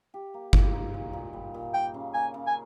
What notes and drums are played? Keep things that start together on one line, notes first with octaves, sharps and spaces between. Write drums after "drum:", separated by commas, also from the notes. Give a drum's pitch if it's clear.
G4
A#3
G4, drum: kick G1
D#4
A#2
A#2
G3
A#2
A#3 G5
C#3
A#3 G#5
C#3
G#5